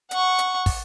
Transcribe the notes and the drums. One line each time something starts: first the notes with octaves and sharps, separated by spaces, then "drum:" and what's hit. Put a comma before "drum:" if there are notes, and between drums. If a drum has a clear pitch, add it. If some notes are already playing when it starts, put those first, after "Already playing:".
F#5 C#6, drum: hi-hat
drum: hi-hat
drum: kick, open hi-hat